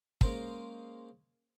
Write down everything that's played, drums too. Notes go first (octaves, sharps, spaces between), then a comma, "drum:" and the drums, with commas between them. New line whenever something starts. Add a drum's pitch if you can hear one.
G#3 A#3 C#4 A#4 C5 F5, drum: kick